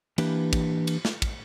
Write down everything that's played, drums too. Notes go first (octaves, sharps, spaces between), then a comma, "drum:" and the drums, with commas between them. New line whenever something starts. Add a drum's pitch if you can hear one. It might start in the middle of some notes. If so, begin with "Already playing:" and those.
E3 A#3 D4 G4 B4, drum: cymbal
drum: kick, cymbal
drum: cymbal
drum: snare
drum: kick, cymbal